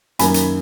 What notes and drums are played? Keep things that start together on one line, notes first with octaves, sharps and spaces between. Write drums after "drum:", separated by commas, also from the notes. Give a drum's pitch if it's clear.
F#2 D#3 A#3 G#5 B5, drum: hi-hat
drum: hi-hat